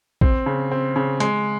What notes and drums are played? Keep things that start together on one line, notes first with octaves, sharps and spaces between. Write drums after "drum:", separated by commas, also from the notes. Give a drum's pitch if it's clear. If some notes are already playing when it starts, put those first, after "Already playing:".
C4, drum: kick
C#3
C4
C#3
G#3, drum: hi-hat